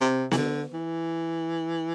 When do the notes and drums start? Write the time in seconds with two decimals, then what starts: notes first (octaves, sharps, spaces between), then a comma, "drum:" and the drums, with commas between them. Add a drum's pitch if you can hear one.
0.01 C3
0.31 E3, drum: snare B3
0.37 D3
0.73 E3